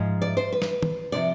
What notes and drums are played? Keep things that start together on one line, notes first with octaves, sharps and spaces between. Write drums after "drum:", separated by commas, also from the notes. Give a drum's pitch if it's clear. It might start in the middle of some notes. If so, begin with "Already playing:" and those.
Already playing: G#2 F3
D5
C5
B4
drum: snare
drum: tom
C3 F3 D5